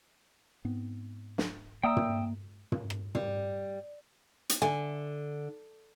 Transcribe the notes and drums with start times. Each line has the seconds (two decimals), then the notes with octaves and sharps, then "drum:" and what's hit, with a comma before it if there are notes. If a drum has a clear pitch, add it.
0.65 G#2 B3 C4
1.38 drum: snare
1.83 A#3 D5 E5 G5 A#5 D#6 E6
1.97 drum: tom
2.72 drum: tom
2.90 drum: rim click
3.15 G3, drum: tom
4.49 drum: hi-hat
4.62 D3 A4 E5 G#5